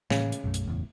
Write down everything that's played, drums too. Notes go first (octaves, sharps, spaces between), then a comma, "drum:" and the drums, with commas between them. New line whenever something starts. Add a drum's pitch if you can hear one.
A2 C#3 E3 A#3, drum: snare
drum: hi-hat
B1 F#2 A3
drum: hi-hat
F#1 E2 A2